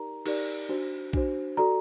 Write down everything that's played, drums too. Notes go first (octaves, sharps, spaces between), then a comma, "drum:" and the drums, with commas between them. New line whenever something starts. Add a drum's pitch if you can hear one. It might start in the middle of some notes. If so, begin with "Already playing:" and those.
Already playing: D#4 G4 A#4 D5 A#5
D#4 G4 A#4 D5, drum: cymbal
D4 F#4 C5
D4 F#4 C5, drum: kick A#1
F#4 A4 D5 A#5